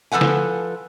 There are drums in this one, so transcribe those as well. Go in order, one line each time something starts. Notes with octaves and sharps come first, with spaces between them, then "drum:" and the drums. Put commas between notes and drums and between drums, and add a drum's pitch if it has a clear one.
F3 A4 B4 F#5 G#5
drum: snare